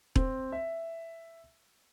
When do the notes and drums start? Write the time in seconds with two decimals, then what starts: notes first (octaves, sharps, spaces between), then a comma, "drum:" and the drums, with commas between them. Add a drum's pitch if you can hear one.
0.16 C4, drum: kick E1
0.52 E5